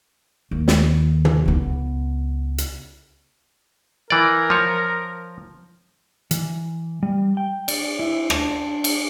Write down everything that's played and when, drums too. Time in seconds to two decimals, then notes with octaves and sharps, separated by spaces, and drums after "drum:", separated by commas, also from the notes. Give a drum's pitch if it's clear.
0.51 D#2
0.68 drum: snare
1.25 drum: tom
1.45 C#2 B3
2.58 drum: hi-hat
4.10 E3 A#4 D5
4.50 F3 C#5
6.31 E3, drum: hi-hat
7.03 G3
7.37 G5
7.68 D5, drum: cymbal
7.99 E4
8.30 D4, drum: rim click
8.84 drum: cymbal